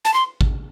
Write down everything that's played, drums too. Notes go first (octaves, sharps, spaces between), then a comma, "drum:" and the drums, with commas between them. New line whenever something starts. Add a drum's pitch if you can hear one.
A5, drum: hi-hat
C6
drum: kick G#1